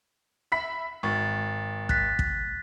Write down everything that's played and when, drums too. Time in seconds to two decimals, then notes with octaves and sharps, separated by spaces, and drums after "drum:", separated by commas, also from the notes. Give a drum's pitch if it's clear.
0.52 E5 B5 B6
1.03 G#1 C#6 A6
1.89 F#6 A6 B6, drum: kick
2.19 drum: kick